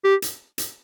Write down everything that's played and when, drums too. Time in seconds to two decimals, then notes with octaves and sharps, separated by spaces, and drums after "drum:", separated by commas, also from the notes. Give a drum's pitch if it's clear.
0.04 G4
0.22 drum: hi-hat
0.58 drum: hi-hat